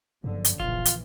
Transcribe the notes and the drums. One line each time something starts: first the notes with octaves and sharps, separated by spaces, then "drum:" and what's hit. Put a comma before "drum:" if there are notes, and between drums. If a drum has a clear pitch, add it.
F#1 G2 D3 F3
drum: hi-hat
E1 A#1 E3 F4
drum: hi-hat